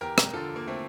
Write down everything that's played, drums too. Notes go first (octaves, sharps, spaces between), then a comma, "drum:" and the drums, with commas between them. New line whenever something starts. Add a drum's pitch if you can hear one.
E2 G4 A#4
drum: rim click
D3 F3 F4 A4
A#3
A3 C4